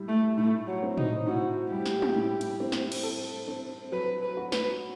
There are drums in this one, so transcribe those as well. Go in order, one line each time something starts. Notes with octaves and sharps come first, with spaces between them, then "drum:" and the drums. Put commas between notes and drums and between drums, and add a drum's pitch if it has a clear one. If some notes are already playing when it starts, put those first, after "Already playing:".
Already playing: A2 G3
A3
A2 A3
F#3
C4
D#4, drum: tom
A2 F#4
G3 G4
drum: snare
drum: tom
A2
drum: cymbal
C4
drum: snare
drum: cymbal
A4
C4
F#3 B4
B4
F#4
B4, drum: snare